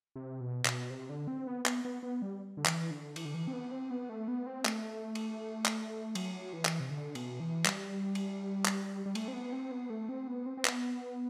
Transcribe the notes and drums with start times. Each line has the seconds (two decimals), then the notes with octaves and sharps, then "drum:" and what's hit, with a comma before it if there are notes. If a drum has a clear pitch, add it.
0.16 C3
0.41 B2
0.65 B2, drum: clap
0.90 C3
1.10 D3
1.28 C4
1.47 B3
1.66 B3, drum: clap
1.85 B3
2.03 B3
2.22 G3
2.57 D3
2.65 E3, drum: clap
2.91 D3
3.16 E3, drum: cymbal
3.25 D3
3.34 E3
3.47 C4
3.53 B3
3.71 C4
3.91 B3
4.09 A3
4.28 B3
4.46 C4
4.65 A3, drum: clap
5.15 drum: cymbal
5.65 drum: clap
6.15 F#3, drum: cymbal
6.53 E3
6.65 drum: clap
6.80 C3
6.90 D3
7.15 B2, drum: cymbal
7.40 E3
7.65 G3, drum: clap
8.15 drum: cymbal
8.65 drum: clap
9.06 G3
9.15 A3, drum: cymbal
9.28 C4
9.33 B3
9.53 C4
9.71 B3
9.90 A3
10.09 C4
10.27 B3
10.46 C4
10.57 C4
10.65 B3, drum: clap